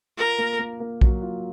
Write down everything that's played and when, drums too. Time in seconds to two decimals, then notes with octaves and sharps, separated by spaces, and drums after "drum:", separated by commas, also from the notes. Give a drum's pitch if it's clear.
0.17 F4 A#4
0.38 A#3
0.59 A#3
0.80 A#3
1.01 F#3, drum: kick A#1
1.22 F4